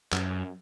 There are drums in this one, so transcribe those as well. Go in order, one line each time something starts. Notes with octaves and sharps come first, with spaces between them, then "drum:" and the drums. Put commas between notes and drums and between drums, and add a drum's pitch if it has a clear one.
F#2, drum: clap